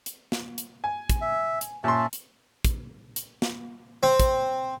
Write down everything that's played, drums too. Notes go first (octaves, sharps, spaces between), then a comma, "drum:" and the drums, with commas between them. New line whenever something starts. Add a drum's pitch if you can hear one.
drum: hi-hat
drum: snare
drum: hi-hat
G#5
drum: kick, hi-hat
E5
drum: hi-hat
A#2 C#4 E5 A5 C6
drum: hi-hat
drum: kick, hi-hat
drum: hi-hat
drum: snare
C4
drum: kick, hi-hat